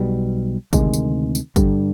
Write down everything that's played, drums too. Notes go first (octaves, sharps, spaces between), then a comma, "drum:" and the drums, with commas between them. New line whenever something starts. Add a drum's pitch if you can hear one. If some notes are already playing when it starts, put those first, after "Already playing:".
Already playing: B1 B2 G3
D2 C3 D#3 G#3, drum: kick, tambourine
drum: tambourine
drum: tambourine
G2 D3 G3, drum: kick, tambourine